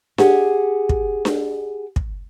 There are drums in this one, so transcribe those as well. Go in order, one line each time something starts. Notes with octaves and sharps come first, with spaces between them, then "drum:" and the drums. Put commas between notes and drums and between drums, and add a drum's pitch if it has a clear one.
G4 G#4 F#5, drum: snare D4
drum: kick
drum: snare D4
drum: kick